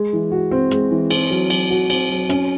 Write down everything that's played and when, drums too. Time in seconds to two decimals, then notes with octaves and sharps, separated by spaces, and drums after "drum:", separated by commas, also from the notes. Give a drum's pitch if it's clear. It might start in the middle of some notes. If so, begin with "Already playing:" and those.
Already playing: G#3
0.13 E3
0.32 F#4
0.51 C4
0.71 G#3, drum: rim click
0.91 E3
1.10 C4, drum: cymbal
1.31 F#3
1.50 F#3, drum: cymbal
1.70 F#4
1.90 C4, drum: cymbal
2.10 F#3
2.29 C#4, drum: rim click